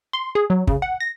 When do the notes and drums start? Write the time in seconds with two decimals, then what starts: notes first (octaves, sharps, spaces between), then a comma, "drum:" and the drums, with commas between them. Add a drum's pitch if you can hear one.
0.13 C6
0.35 G#4
0.50 F#3
0.67 C#3, drum: kick
0.82 F#5
1.00 A#6